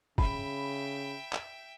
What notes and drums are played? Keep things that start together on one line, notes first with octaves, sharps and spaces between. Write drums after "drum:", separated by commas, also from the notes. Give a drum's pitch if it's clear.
C#3 E5 G5 B5, drum: kick
drum: clap